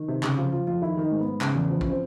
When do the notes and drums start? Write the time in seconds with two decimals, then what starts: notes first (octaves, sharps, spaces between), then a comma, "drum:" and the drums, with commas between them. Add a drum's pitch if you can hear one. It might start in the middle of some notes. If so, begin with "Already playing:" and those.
Already playing: D#3
0.08 C3
0.23 C#3 G4, drum: clap
0.37 F3 F4
0.52 F3 F4
0.67 F2 F4
0.82 D#3 E4
0.97 D#3 D#4
1.11 G#2
1.20 B3
1.26 G#2
1.41 C#3, drum: clap
1.55 E2
1.70 F3
1.81 C#4, drum: kick
1.90 C4